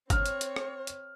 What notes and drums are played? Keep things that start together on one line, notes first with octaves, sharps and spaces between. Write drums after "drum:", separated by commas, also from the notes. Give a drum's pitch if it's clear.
C4 C#5 F6, drum: kick G1, hi-hat
drum: hi-hat
drum: hi-hat
drum: rim click
drum: hi-hat